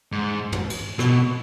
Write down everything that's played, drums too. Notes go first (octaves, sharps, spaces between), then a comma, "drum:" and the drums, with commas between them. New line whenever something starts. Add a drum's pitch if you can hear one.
G#2
drum: tom
drum: cymbal
B2, drum: rim click